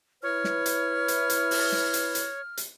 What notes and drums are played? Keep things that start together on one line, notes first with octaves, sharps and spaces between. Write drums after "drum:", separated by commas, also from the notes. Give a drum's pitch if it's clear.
E4 B4 C#5 F6
drum: snare
drum: hi-hat
drum: hi-hat
drum: hi-hat
drum: open hi-hat
drum: snare
drum: hi-hat
drum: hi-hat
drum: hi-hat